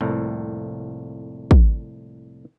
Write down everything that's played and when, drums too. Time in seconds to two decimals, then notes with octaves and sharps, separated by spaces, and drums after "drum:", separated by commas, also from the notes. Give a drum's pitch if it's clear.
0.01 C2 F2 A2 A#3
1.51 drum: kick